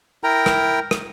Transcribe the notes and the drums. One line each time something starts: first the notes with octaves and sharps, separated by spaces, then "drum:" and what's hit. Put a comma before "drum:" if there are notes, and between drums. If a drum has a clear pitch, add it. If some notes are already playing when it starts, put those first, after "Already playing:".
E4 A#4 G5 A#5
drum: rim click
drum: rim click